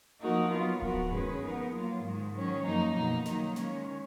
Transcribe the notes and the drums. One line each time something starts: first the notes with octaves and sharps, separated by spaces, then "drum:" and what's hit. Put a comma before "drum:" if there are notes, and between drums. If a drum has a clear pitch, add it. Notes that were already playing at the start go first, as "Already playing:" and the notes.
F3 A#3 D#4 F#4 A#4
F#3 B3 F4
F2 F3 B3 F#4 A#4, drum: kick D1
D#3 G#3 C#4 G#4 B4, drum: tom F#2
F3 B3 D#4 A#4
F#3 A#3 F4
G#2 D#3 G#3
D#3 F#3 C#4
F#2 F3 A#3 D#4
B2 A#3 D#4
D#3 F#3 A#3 D#4, drum: snare
D#3 G#3 C#4, drum: snare